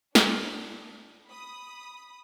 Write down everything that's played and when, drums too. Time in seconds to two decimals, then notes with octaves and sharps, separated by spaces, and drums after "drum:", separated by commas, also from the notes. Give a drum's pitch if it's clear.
0.15 D4, drum: snare
1.27 B5 D#6